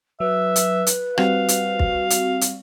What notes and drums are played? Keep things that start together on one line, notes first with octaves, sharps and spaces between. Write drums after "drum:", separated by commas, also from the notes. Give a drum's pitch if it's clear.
F#3 B4 E5
drum: hi-hat
drum: hi-hat
G3 C4 F#4 F5, drum: rim click
drum: hi-hat
drum: kick
drum: hi-hat
drum: hi-hat